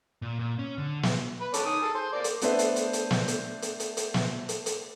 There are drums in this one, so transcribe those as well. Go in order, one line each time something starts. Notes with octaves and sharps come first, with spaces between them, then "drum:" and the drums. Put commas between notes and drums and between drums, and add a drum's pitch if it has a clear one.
A#2
A#2
C#4
D3
drum: snare
B4
C#4 A4 D6, drum: hi-hat
D#3 D#6
G#4 A4
C5
A#3 D5
drum: hi-hat
A3 B3 D4 B4 C5 E5, drum: hi-hat
drum: hi-hat
drum: hi-hat
drum: hi-hat
drum: snare
drum: hi-hat
drum: hi-hat
drum: hi-hat
drum: hi-hat
drum: snare
drum: hi-hat
drum: hi-hat